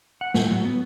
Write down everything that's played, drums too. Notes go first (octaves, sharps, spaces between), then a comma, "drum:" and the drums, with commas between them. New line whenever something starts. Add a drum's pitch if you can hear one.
F#5
A2, drum: snare
F#3
B3